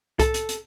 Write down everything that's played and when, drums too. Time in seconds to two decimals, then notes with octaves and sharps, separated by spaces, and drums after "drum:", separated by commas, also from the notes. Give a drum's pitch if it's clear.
0.19 A4, drum: kick C2, hi-hat
0.34 drum: hi-hat
0.49 drum: hi-hat